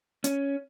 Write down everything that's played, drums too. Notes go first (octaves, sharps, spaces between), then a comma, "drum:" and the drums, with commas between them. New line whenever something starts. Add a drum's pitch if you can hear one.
C#4, drum: hi-hat